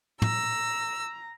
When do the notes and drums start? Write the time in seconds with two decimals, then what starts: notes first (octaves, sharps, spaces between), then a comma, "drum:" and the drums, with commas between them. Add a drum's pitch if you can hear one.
0.22 A#5 E6, drum: tom